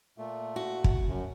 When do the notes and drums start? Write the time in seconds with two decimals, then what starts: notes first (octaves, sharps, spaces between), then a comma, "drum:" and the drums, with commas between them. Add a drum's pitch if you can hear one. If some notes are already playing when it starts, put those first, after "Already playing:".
0.18 A#2 A3
0.56 F#4
0.84 drum: kick
1.07 F#2